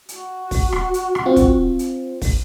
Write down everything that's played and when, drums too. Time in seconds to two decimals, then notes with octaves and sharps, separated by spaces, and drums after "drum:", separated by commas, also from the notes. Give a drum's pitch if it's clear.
0.09 F#4, drum: hi-hat
0.51 drum: kick, open hi-hat
0.72 drum: rim click
0.94 drum: hi-hat
1.15 drum: rim click
1.26 C4 F4
1.36 drum: kick, hi-hat
1.79 drum: hi-hat
2.22 drum: kick, open hi-hat